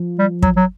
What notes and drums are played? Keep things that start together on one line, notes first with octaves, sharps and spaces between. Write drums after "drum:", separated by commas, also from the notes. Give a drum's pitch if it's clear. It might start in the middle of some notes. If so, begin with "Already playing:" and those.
Already playing: F3
G3
F#3, drum: kick
F#3